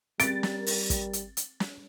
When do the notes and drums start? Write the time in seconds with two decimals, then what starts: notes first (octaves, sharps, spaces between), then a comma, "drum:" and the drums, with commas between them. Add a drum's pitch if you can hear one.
0.20 G3 C4 G#4 A#4 A6 D7, drum: hi-hat
0.43 drum: snare
0.66 drum: open hi-hat
0.90 drum: kick, hi-hat
1.13 drum: hi-hat
1.37 drum: hi-hat
1.60 drum: snare